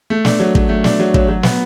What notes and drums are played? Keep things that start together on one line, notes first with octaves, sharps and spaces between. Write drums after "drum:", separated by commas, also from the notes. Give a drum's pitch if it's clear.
A3
D4, drum: snare
F#3
F#3, drum: kick
A3
D4, drum: snare
F#3
F#3, drum: kick
F#3
B3, drum: snare